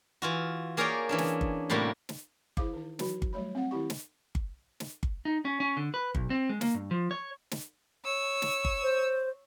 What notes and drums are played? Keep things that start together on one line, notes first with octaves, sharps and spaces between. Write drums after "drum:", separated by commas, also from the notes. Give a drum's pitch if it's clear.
E3 F4 F#4
A#3 G#4 A#4 C#5 D5 G5
E3 C#4 D4
drum: snare
drum: kick G1
A2 C3 G3 A#3 F#4
drum: snare
E3 E4 G#4 C5 F5 D6, drum: kick G1
D#3 D#4
E3 F#3 D#4 F#4 B5, drum: snare
drum: kick G1
F#3 G3 A3 C#5 B5
C4 F5 F#5
D#3 E4 G4 C#6
drum: snare
drum: kick G1
drum: snare
drum: kick G1
D#4
C#4
C#4
D3
B4
B1, drum: kick G1
C4
G#3
A#3, drum: snare
G2
F3
C#5
drum: snare
C#5 E6
drum: snare
drum: kick G1
C5